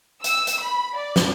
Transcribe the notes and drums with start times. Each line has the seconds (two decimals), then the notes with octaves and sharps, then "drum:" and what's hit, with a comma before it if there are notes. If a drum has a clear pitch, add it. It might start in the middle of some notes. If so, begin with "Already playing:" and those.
0.24 E6, drum: hi-hat
0.47 drum: hi-hat
0.62 B5
0.97 D5
1.16 drum: snare